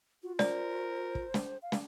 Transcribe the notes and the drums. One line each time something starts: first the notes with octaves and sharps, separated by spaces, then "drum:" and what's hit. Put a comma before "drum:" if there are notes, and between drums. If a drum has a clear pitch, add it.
F4 F#4
A#4 C5 D5, drum: snare
drum: kick
drum: snare
F5
drum: snare